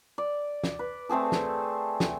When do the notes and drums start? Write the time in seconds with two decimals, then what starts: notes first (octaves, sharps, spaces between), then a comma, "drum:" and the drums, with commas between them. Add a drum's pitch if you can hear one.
0.18 D5
0.64 drum: snare
0.79 B4
1.09 A3 C4 G#4 A4
1.32 drum: snare
2.00 drum: snare